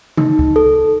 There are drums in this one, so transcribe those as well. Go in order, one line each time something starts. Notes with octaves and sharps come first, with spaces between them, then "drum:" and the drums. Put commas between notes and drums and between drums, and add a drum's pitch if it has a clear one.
D#4, drum: tom C3
drum: kick
A4